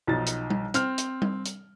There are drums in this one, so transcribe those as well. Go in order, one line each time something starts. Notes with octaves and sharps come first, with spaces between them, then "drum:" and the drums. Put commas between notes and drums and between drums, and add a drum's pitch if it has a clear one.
B1 F3 D#4 A6
drum: hi-hat
drum: tom G3
C4 F6, drum: hi-hat
drum: hi-hat
drum: tom G3
drum: hi-hat